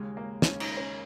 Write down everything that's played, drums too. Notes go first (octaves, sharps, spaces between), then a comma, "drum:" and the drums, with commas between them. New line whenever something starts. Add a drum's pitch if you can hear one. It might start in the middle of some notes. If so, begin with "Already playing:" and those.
Already playing: D#2 C#3 G#3
A#3
C#4, drum: snare
D#4, drum: cymbal
C#4